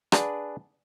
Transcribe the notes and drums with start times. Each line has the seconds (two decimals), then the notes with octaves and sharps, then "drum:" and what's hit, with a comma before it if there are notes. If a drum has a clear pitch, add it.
0.12 D4 G#4 B4 D5 F#5, drum: rim click